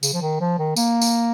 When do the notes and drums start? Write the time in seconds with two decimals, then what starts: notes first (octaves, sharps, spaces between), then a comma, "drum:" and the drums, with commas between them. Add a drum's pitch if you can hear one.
0.03 C#3, drum: tambourine
0.13 F3
0.22 D#3
0.41 F3
0.59 D#3
0.76 A#3, drum: tambourine
1.02 drum: tambourine